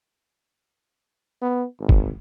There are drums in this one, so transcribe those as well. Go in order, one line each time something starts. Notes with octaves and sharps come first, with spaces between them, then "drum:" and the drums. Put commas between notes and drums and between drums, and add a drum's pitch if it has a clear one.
B3
G#1
drum: kick